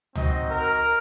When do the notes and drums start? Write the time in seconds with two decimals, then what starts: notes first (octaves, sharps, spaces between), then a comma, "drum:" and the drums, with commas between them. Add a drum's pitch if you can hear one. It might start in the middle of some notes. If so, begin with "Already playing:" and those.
0.15 C4 D#4 F#4 D#5, drum: tom C#2
0.49 A#4